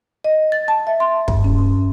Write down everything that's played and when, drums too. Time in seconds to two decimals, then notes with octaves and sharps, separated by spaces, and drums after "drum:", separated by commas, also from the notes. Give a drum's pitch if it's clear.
0.24 D#5
0.52 A6
0.68 A5
0.87 E5
1.00 C6
1.28 G2, drum: kick
1.44 C#4